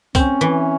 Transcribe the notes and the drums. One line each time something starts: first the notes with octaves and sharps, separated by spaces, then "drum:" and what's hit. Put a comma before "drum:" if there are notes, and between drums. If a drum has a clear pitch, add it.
C4 C#4, drum: kick, hi-hat
E3